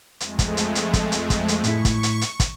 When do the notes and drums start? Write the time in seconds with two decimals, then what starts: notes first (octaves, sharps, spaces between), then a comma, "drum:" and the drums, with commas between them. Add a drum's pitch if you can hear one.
0.20 F2 G#3 A3, drum: hi-hat
0.39 drum: kick, hi-hat
0.57 drum: hi-hat
0.75 drum: hi-hat
0.94 drum: kick, hi-hat
1.12 drum: hi-hat
1.30 drum: kick, hi-hat
1.48 drum: hi-hat
1.64 A2 E4 C#6, drum: hi-hat
1.85 drum: kick, hi-hat
2.03 drum: hi-hat
2.21 drum: hi-hat
2.40 drum: kick, hi-hat